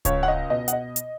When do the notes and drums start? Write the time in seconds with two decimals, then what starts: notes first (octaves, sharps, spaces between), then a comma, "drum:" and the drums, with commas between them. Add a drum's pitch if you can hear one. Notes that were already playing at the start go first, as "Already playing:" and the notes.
0.05 C#2 C#5, drum: kick D1, hi-hat
0.23 F#5
0.28 D#5
0.50 B2 D#5
0.68 F#5, drum: hi-hat
0.73 D#5
0.96 drum: hi-hat